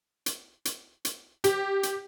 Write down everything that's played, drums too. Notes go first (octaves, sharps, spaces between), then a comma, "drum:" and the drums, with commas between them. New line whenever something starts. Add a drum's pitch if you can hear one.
drum: hi-hat
drum: hi-hat
drum: hi-hat
G4, drum: hi-hat
drum: hi-hat